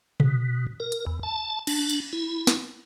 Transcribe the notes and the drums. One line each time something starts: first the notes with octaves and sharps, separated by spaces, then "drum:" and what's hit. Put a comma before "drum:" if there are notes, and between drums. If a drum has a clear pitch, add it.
B2, drum: tom C3
A#4
drum: hi-hat
E2
A5
D4, drum: cymbal
drum: tambourine
E4
drum: snare